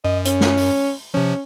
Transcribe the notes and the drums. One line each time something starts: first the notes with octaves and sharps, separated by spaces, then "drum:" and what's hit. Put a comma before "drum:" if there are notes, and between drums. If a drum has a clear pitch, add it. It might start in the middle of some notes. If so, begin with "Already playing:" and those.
F#2 D#5
C#4, drum: hi-hat
drum: snare
drum: open hi-hat
C3 F3 C#4